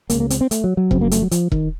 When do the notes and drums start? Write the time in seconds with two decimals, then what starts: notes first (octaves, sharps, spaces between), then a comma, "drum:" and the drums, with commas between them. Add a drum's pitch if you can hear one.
0.10 C#2 C#3 A#3, drum: hi-hat
0.20 A#3
0.30 C4, drum: hi-hat
0.41 C4
0.51 A3, drum: hi-hat
0.64 F#3
0.77 F#3
0.91 F2 C#3 C4, drum: kick E1
1.01 A#3
1.11 A3, drum: hi-hat
1.22 F#3
1.31 F3, drum: hi-hat
1.52 D#3, drum: kick E1